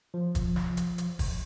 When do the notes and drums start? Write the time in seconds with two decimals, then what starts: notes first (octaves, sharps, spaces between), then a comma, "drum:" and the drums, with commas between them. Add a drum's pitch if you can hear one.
0.14 F3
0.35 drum: kick, hi-hat
0.56 drum: snare
0.77 drum: hi-hat
0.98 drum: hi-hat
1.19 drum: kick, open hi-hat